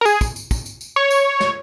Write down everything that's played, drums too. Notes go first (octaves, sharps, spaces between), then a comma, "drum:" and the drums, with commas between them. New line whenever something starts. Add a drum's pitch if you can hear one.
A#4
G#4, drum: tambourine
drum: kick, tambourine
drum: tambourine
drum: kick, tambourine
drum: tambourine
drum: tambourine
C#5
drum: tambourine
drum: snare